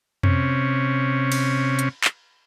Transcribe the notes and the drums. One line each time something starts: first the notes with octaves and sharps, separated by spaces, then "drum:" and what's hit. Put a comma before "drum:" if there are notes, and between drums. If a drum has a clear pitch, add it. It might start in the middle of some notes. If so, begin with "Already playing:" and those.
C3 C#4, drum: tom F2
drum: cymbal
drum: hi-hat
drum: clap